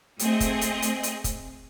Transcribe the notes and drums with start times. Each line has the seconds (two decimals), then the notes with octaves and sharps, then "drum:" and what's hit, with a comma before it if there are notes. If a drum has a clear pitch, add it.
0.19 A3 C4 G#4 D#5, drum: hi-hat
0.40 drum: kick, hi-hat
0.61 drum: hi-hat
0.82 drum: hi-hat
1.03 drum: hi-hat
1.24 drum: kick, hi-hat